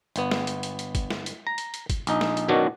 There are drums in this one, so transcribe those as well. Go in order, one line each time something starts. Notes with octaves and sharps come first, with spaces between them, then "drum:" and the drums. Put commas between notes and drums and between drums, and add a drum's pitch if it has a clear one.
G1 B3, drum: hi-hat
drum: snare
drum: hi-hat
drum: hi-hat
drum: hi-hat
drum: kick, hi-hat
drum: snare
drum: hi-hat
A#5
drum: hi-hat
drum: hi-hat
drum: kick, hi-hat
A#1 D#4, drum: hi-hat
drum: snare
drum: hi-hat
F#2 B2 D#3 F#3 D4 F#4